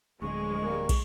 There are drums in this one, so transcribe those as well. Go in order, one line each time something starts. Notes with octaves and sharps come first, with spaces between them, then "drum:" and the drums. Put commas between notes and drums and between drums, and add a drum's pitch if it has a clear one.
D1 D3 F3 G#3 C#6
G3 A#3 A#4
drum: kick, cymbal